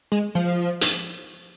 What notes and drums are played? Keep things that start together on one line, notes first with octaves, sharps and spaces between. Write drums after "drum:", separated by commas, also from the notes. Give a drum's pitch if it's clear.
G#3
F3
drum: hi-hat